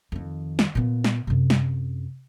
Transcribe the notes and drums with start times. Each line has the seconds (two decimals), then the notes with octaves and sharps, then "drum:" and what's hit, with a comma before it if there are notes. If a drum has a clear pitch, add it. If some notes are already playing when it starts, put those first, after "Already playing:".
0.12 F2 D#3
0.59 drum: snare
0.75 A#2 B3
1.04 drum: snare
1.27 F#2 C3
1.50 drum: snare